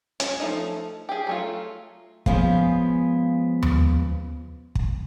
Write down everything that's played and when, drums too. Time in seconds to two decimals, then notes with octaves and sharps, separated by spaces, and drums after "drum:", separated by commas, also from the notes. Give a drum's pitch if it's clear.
0.20 C#4, drum: hi-hat
0.40 F3 A3 D#4 D#5
1.09 G4 G#4
1.27 F#3 A3 F4
2.26 F3 G#3 B3 C#4 C5 F5, drum: kick
3.63 drum: tom D#2
4.75 drum: kick